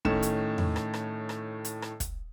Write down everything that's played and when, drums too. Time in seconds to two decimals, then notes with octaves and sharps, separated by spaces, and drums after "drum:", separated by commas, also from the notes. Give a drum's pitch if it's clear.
0.05 A2 D#3 C#4 E7, drum: kick
0.23 drum: hi-hat
0.58 drum: tom E2
0.76 drum: rim click
0.94 drum: rim click
1.29 drum: rim click
1.65 drum: hi-hat
1.82 drum: rim click
2.00 drum: kick, hi-hat